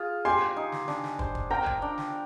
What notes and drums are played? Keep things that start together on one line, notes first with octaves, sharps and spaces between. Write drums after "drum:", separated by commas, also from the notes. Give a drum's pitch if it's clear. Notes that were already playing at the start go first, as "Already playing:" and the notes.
Already playing: F4 G#4
G4 G#5 C6
D#4
drum: snare
D4, drum: snare
drum: snare
C5, drum: kick
drum: kick
A#4 G5 A#5
drum: kick
D4
drum: snare